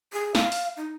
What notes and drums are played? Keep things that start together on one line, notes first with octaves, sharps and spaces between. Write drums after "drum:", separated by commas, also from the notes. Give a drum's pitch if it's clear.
G#4
F5, drum: snare
drum: open hi-hat
D#4